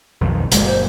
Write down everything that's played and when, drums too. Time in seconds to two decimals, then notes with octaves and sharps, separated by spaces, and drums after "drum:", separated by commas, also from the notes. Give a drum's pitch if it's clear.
0.21 B1 F2 D#3
0.52 F#1 A#2 G#3, drum: hi-hat
0.66 C5